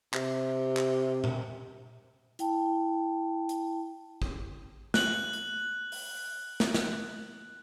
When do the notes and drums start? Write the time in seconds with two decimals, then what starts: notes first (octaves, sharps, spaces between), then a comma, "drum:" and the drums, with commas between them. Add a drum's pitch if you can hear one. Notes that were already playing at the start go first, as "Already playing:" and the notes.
0.14 C3, drum: clap
0.77 drum: clap
1.24 drum: tom A#2
2.39 E4 G5 A5, drum: hi-hat
3.49 drum: hi-hat
4.22 drum: kick
4.94 F#6 F#7, drum: snare
5.33 drum: hi-hat
5.92 drum: open hi-hat
6.60 drum: snare
6.74 drum: snare